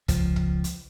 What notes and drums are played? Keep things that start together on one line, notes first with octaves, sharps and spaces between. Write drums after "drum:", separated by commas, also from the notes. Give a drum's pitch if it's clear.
C#2 F3, drum: kick, hi-hat
drum: kick
drum: hi-hat